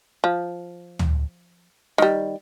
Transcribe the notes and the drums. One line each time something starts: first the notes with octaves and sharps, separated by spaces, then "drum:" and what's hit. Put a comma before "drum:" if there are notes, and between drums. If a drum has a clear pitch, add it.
F3
drum: tom
D#3 G3, drum: snare